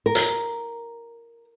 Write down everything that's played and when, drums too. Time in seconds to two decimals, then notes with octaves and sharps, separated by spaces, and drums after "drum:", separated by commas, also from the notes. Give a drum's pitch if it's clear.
0.06 A#4
0.15 drum: hi-hat